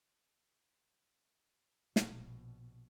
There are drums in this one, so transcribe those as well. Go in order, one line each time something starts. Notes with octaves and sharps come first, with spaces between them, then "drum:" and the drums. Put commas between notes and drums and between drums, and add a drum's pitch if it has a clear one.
A#1 B2, drum: snare